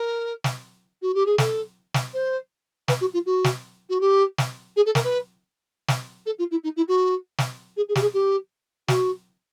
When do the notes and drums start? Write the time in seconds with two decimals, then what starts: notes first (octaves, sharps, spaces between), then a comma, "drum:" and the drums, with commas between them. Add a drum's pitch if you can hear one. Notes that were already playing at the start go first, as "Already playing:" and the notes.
Already playing: A#4
0.44 drum: snare
1.02 F#4
1.14 G4
1.26 G#4
1.38 A4, drum: snare
1.94 drum: snare
2.14 C5
2.88 B4, drum: snare
3.01 F#4
3.13 F4
3.26 F#4
3.44 drum: snare
3.89 F#4
4.01 G4
4.38 drum: snare
4.76 G#4
4.86 A4
4.95 A#4, drum: snare
5.04 B4
5.88 drum: snare
6.26 A4
6.39 F4
6.51 E4
6.64 D#4
6.76 E4
6.88 F#4
7.38 drum: snare
7.77 G#4
7.89 G#4
7.95 G4, drum: snare
8.01 G#4
8.14 G4
8.88 F#4, drum: snare